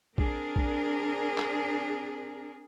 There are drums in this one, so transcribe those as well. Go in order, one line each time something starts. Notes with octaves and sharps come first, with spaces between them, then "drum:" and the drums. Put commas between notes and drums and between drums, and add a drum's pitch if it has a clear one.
C4 D4 G#4 A#4, drum: kick
drum: kick
drum: clap